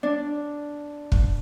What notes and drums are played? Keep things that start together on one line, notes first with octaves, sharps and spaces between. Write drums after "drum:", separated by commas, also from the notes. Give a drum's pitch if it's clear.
D4
drum: kick